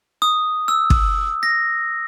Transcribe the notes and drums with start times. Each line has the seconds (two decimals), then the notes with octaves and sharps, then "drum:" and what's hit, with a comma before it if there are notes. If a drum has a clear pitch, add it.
0.22 D#6
0.68 E6
0.90 drum: kick
1.43 A#6